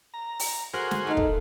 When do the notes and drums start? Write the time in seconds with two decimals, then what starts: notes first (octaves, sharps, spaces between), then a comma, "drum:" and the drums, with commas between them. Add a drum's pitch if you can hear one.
0.14 A#5
0.39 drum: open hi-hat
0.73 F#4 G#4 A#4 C5 F#5 C6
0.91 drum: snare
1.07 A3 D#4 F5
1.17 drum: kick